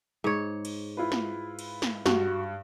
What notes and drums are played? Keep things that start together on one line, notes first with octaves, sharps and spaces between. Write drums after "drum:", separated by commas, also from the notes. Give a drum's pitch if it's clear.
G#2 C#5
drum: cymbal
E4 F4 B4
drum: snare
drum: cymbal
drum: snare
G2 F#4, drum: snare